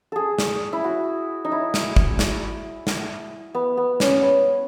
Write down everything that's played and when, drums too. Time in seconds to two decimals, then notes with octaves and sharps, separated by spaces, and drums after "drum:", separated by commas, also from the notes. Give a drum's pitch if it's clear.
0.12 G#4 A4
0.39 drum: snare
0.73 E4
0.84 F#4
1.45 D#4
1.52 E4
1.74 drum: snare
1.96 drum: kick
2.19 drum: snare
2.87 drum: snare
3.55 B3
3.77 B3
4.00 C#4, drum: snare
4.22 B3